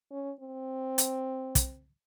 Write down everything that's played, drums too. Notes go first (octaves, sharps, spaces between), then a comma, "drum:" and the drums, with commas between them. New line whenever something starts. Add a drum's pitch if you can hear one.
C#4
C4
drum: hi-hat
drum: kick, hi-hat